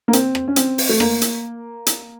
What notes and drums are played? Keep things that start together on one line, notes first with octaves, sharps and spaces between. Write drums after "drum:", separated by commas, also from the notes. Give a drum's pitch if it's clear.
A#3
C4, drum: hi-hat
drum: rim click
C#4
C4, drum: hi-hat
drum: open hi-hat
A3
A#3, drum: rim click
drum: hi-hat
drum: hi-hat